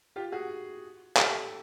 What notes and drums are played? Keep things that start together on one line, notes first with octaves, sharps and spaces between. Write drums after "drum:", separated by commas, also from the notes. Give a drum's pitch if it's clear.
F4 G4
F#4 G#4
G4 A4, drum: clap